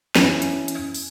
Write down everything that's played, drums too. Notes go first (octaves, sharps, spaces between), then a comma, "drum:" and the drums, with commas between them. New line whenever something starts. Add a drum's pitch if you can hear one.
E3 C#4, drum: snare
drum: hi-hat
drum: hi-hat
drum: open hi-hat